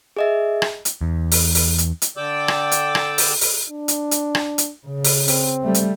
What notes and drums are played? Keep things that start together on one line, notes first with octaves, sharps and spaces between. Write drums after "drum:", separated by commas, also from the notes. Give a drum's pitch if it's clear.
G#4 D#5 E5
drum: rim click
drum: hi-hat
E2
drum: open hi-hat
drum: open hi-hat
drum: hi-hat
drum: hi-hat
D3 D5 G5 D6 E6
drum: rim click
drum: hi-hat
drum: rim click
drum: open hi-hat
drum: open hi-hat
D4
drum: hi-hat
drum: hi-hat
drum: rim click
drum: hi-hat
C#3
drum: open hi-hat
C4, drum: open hi-hat
G3 A3
drum: hi-hat